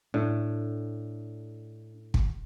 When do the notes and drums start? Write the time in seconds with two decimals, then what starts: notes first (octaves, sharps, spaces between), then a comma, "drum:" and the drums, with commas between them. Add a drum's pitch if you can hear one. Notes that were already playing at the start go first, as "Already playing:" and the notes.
0.14 A2 D4
2.14 drum: kick